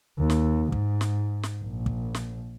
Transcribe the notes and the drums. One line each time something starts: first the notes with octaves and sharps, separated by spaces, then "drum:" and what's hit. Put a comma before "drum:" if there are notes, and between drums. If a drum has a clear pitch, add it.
D#2
drum: snare
G#2, drum: kick
drum: snare
drum: snare
A#1
drum: kick
drum: snare